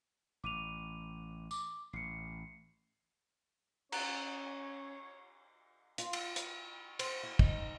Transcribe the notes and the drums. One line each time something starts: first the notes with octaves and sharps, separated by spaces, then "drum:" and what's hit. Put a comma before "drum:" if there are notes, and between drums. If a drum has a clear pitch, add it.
A1 D6 D#7 F7
D6, drum: tambourine
A1 C7 C#7
C#4 C#5 A#5 F#6 A6, drum: cymbal
F4, drum: hi-hat
drum: cymbal
drum: hi-hat
C5, drum: cymbal
E4
D#4, drum: kick